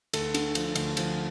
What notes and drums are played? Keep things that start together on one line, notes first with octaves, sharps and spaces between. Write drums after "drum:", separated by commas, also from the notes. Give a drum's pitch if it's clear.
D2 A4, drum: cymbal
D3, drum: cymbal
F3, drum: cymbal
D2, drum: cymbal
F3, drum: cymbal